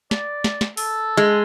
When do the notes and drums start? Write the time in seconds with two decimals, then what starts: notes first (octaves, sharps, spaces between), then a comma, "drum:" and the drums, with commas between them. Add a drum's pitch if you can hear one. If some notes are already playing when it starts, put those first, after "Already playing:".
0.11 D5, drum: snare
0.44 drum: snare
0.61 drum: snare
0.77 A4, drum: open hi-hat
1.17 G#3